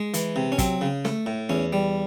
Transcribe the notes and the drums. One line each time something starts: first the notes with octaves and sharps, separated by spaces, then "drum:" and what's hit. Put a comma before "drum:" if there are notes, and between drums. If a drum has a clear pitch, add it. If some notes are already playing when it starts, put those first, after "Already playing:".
Already playing: G#3
E3, drum: hi-hat
C3
C#4
F#3 C4, drum: kick, hi-hat
C#3
A3, drum: snare
A2
E2 C#4
G3